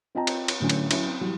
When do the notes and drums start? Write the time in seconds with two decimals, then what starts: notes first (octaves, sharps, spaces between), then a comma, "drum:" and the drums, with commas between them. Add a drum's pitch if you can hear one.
0.15 C4 F4 D#5 G5 A5 A#5
0.27 drum: cymbal
0.48 drum: cymbal
0.60 A2 D3 F#3 C#4
0.70 drum: cymbal
0.91 F#3 C#4 E4, drum: cymbal
1.06 C4
1.21 E3 F#3 G3